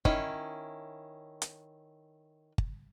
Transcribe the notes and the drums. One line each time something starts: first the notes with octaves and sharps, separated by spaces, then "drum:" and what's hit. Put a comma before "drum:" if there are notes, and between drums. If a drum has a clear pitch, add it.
D#3 C#4 E4, drum: kick G1
drum: hi-hat
drum: kick G1